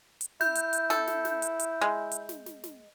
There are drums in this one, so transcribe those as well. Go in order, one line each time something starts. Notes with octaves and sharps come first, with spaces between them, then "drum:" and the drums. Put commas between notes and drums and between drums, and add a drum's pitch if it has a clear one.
drum: hi-hat
E4 G6, drum: snare
drum: hi-hat
drum: hi-hat
A4, drum: snare
drum: snare
drum: snare
drum: hi-hat
drum: hi-hat
G#3
drum: hi-hat
drum: snare
drum: snare
drum: snare